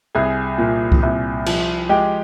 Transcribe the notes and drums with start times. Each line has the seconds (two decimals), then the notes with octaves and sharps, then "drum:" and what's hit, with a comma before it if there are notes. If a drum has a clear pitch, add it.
0.15 C2 G#4 G#5
0.58 A#2
0.92 drum: kick C2
1.03 C2
1.46 F3, drum: cymbal
1.89 G#3 G4 G5